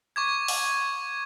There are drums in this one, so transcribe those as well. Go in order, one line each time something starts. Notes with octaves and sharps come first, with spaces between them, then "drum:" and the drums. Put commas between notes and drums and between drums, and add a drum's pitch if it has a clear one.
C#6 D6 G#6
drum: open hi-hat